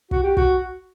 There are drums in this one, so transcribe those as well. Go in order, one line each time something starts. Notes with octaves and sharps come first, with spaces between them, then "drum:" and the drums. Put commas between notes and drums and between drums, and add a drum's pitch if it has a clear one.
F#4, drum: kick
G4
F#4, drum: kick